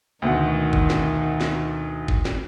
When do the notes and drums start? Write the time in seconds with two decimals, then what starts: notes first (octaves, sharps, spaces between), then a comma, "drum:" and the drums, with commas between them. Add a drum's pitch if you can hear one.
0.22 D2 B2 D#3 F#5
0.73 drum: kick
0.90 drum: snare
1.41 drum: snare
2.08 drum: kick
2.25 drum: snare